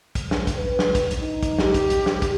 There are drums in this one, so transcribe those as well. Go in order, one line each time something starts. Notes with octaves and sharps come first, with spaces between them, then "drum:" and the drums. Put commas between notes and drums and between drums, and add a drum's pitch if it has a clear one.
drum: kick, hi-hat
drum: snare
drum: kick, hi-hat
B4
drum: snare
drum: kick, hi-hat
drum: hi-hat
D#4
drum: kick, hi-hat
G4, drum: snare
drum: kick, hi-hat
drum: hi-hat
drum: snare
drum: kick, hi-hat